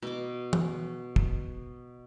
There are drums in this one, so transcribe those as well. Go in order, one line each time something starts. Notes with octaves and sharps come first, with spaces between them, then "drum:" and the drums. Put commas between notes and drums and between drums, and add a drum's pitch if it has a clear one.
B2 D6
drum: tom
drum: kick